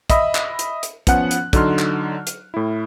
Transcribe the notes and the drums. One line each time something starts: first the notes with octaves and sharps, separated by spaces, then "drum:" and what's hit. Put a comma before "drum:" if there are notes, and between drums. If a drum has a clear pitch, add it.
D#5 E5 B5 D#6, drum: kick, hi-hat
drum: clap
drum: hi-hat
drum: hi-hat
F3 B3 C#4 F#5 F#6, drum: kick, hi-hat
drum: hi-hat
D3 F#3 D#4 C6 F6, drum: kick, hi-hat
drum: clap
drum: hi-hat
A2 E4